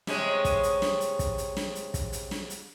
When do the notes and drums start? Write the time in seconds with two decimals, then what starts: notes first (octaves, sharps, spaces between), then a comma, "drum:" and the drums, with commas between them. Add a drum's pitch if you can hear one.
0.07 C3 G#3 C#4, drum: snare
0.45 drum: kick, hi-hat
0.63 drum: hi-hat
0.82 drum: snare
1.01 drum: hi-hat
1.19 drum: kick, hi-hat
1.38 drum: hi-hat
1.57 drum: snare
1.75 drum: hi-hat
1.94 drum: kick, hi-hat
2.13 drum: hi-hat
2.31 drum: snare
2.50 drum: hi-hat